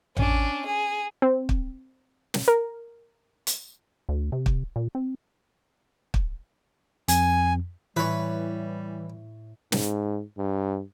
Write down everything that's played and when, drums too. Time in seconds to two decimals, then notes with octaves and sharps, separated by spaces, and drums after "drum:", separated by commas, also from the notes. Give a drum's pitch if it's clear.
0.17 C#4 D4, drum: tom A1
0.66 G#4
1.22 C4
1.49 drum: kick
2.34 drum: snare
2.48 A#4
3.47 drum: hi-hat
4.09 D2
4.32 C3
4.46 drum: kick
4.76 A#2
4.95 C4
6.14 drum: kick
7.08 F2 G#5, drum: hi-hat
7.97 A2 E3 G3 B4 C#5
9.72 G#2, drum: snare
10.38 G2